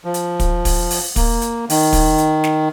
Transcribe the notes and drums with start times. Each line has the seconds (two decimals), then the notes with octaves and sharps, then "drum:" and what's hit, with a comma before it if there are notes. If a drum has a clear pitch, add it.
0.05 F3
0.14 drum: hi-hat
0.40 drum: kick, hi-hat
0.65 drum: kick, open hi-hat
0.91 drum: open hi-hat
1.16 A#3, drum: kick, open hi-hat
1.42 drum: hi-hat
1.70 D#3, drum: open hi-hat
1.93 drum: kick, open hi-hat
2.18 drum: hi-hat
2.44 drum: snare